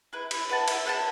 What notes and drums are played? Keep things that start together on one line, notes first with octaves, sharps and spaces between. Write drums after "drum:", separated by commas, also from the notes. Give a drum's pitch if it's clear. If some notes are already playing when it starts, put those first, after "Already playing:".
E4 B4
E4, drum: cymbal
B4 F#5 A5
E4, drum: cymbal
B4 F#5 A5